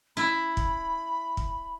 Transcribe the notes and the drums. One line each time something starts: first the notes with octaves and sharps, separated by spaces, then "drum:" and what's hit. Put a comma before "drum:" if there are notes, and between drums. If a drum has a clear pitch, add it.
E4 B5
drum: kick
drum: kick